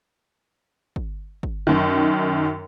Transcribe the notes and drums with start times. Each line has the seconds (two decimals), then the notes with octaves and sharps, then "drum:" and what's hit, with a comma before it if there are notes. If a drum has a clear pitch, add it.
0.96 drum: kick
1.43 drum: kick
1.67 F#2 D#3